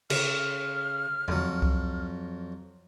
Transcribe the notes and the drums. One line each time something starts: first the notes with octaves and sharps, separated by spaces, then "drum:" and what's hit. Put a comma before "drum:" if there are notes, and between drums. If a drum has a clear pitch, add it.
C#3 F6, drum: cymbal
F2 F#3, drum: tom E2
drum: kick C2